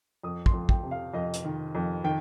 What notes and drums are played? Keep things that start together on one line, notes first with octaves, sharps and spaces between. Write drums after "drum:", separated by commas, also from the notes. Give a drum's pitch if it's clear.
F2 D#6
C6, drum: kick
F2
G5, drum: kick
C3
F5
F2 D#5
drum: hi-hat
D#3
F2
D#3 G5